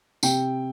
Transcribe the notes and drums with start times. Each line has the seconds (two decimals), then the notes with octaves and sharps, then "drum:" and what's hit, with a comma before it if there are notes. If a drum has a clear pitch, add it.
0.23 C3 G5, drum: tambourine